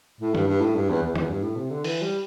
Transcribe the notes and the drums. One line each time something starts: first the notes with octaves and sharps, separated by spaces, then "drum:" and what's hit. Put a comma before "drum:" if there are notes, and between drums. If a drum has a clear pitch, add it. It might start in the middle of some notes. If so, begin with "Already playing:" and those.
A2
G2, drum: tom
G2
A2
G2
E2
E2
E2, drum: tom
G2
A2
C3
D3
E3, drum: open hi-hat
G3